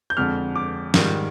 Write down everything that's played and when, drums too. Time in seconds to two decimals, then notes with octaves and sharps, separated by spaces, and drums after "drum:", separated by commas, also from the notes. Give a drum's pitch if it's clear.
0.10 G6
0.17 F2 D3 G#3 F6
0.56 D6
0.94 G#2 D#3 G3, drum: snare